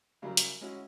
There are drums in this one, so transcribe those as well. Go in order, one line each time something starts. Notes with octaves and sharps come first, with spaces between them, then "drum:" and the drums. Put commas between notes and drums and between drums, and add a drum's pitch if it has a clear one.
C#3 F#3 G3 E4 G#4 A#4
drum: hi-hat
G#3 C#4 E4 F#4